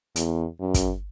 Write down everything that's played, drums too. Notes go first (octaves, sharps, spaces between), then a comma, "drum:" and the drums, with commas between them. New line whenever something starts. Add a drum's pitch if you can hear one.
E2, drum: hi-hat
F#2
drum: kick, hi-hat